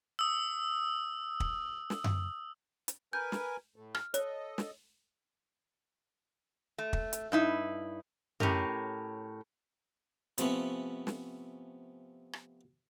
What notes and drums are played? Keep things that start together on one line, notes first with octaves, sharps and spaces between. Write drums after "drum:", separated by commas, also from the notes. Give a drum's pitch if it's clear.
D#6 E6
drum: kick
drum: snare
drum: tom F#2
drum: hi-hat
A#4 B4 G#5 G6
drum: snare
A2 A3
F6, drum: rim click
A4 C#5 D#5, drum: hi-hat
drum: snare
A3
drum: kick
drum: hi-hat
G2 D#4 E4
A2 C#4 G4 A#4, drum: tom F#2
C3 F3 A3 B3 C#4, drum: hi-hat
drum: snare
drum: rim click